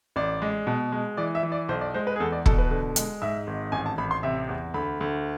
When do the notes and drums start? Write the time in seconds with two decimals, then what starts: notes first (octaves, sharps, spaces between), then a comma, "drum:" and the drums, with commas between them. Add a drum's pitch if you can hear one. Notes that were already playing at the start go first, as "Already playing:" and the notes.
0.16 A1 D5
0.42 G#3
0.67 B2
0.92 G#3
1.17 E3 D5
1.35 E5
1.43 E3
1.52 D5
1.69 B1 C5
1.81 D5
1.94 G#3 C5
2.07 B4
2.16 G#4
2.20 E2 A4
2.32 D5
2.46 B2 A4, drum: kick
2.58 B4
2.71 D3
2.96 G#3, drum: hi-hat
3.22 G#2 E5
3.47 G#1
3.72 A1 G#5
3.86 A5
3.98 A1 B5
4.11 C6
4.23 C3 E5
4.49 E2
4.74 D2 B5
5.01 D2